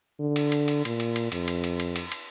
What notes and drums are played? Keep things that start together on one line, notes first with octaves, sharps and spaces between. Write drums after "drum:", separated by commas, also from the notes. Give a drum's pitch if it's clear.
D3
drum: cymbal
drum: cymbal
drum: cymbal
A#2, drum: cymbal
drum: cymbal
drum: cymbal
F2, drum: cymbal
drum: cymbal
drum: cymbal
drum: cymbal
drum: cymbal
drum: cymbal